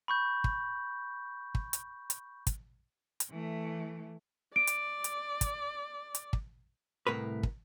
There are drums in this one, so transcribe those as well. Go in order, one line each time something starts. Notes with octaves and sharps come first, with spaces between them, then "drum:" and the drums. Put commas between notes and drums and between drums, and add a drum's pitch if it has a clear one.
B5 C#6 G6
drum: kick
drum: kick
drum: hi-hat
drum: hi-hat
drum: kick, hi-hat
drum: hi-hat
E3 A3
D5 D7
drum: hi-hat
drum: hi-hat
drum: kick, hi-hat
drum: hi-hat
drum: kick
C2 A2 A#4 B4
drum: kick